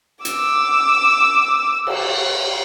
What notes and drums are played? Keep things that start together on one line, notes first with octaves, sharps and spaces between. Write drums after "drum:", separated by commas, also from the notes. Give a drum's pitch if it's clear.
D6 E6, drum: hi-hat
drum: cymbal